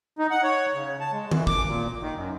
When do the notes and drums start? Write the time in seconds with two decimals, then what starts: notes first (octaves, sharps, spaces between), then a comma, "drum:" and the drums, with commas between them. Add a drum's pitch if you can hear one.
0.19 D#4
0.31 F#5
0.43 C#5
0.74 C#3
1.00 A5
1.12 G#3
1.31 E3, drum: tom D#3
1.47 D6, drum: kick
1.66 A#2
2.01 D#3
2.15 F#2